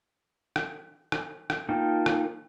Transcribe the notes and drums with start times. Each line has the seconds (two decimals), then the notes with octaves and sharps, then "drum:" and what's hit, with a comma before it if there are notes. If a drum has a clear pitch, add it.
0.56 drum: rim click
1.12 drum: rim click
1.50 drum: rim click
1.69 A#3 D#4 F4 A4 G5
2.06 drum: rim click